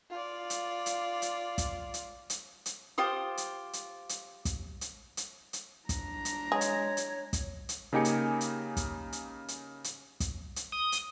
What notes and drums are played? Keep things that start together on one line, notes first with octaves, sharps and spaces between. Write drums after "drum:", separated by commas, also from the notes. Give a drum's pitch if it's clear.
F4 D5
drum: hi-hat
drum: hi-hat
drum: hi-hat
drum: kick, hi-hat
drum: hi-hat
drum: hi-hat
drum: hi-hat
F4 G4 C5 D#6
drum: hi-hat
drum: hi-hat
drum: hi-hat
drum: kick, hi-hat
drum: hi-hat
drum: hi-hat
drum: hi-hat
D4 A#5, drum: kick, hi-hat
drum: hi-hat
G#3 G#4 C#5
drum: hi-hat
drum: hi-hat
drum: kick, hi-hat
drum: hi-hat
C#3 A#3 D#4 G4 G#5 C#7
drum: hi-hat
drum: hi-hat
drum: kick, hi-hat
drum: hi-hat
drum: hi-hat
drum: hi-hat
drum: kick, hi-hat
drum: hi-hat
D#6
drum: hi-hat